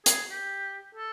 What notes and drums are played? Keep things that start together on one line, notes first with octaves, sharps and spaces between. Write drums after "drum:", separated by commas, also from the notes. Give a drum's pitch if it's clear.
G#4, drum: hi-hat
G4
A4